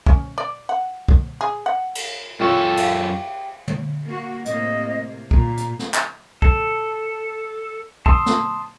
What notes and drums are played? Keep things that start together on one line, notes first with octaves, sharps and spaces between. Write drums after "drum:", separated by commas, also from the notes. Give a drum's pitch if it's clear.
C#4, drum: kick
D5
F#5
drum: kick
G#4
F#5
drum: cymbal
F#2 F4 G4 A4 C#6
drum: cymbal
drum: tom
A#3 F#4
A2 C3 A#3 D#5, drum: hi-hat
A#2 A#5, drum: kick
drum: hi-hat
drum: snare
drum: clap
A4, drum: kick
A5 C6 D#6 E6, drum: kick
drum: snare